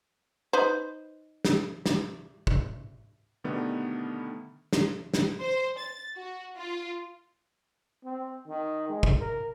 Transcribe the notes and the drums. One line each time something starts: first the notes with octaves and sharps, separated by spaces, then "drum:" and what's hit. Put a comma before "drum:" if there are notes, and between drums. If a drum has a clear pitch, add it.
D#4 B4 C5
drum: snare
drum: snare
drum: kick
B2 D3 D#3 G3 A3 B3
drum: snare
drum: snare
C5
A6
F#4
F4
C4
D#3
G#3
drum: kick
A#4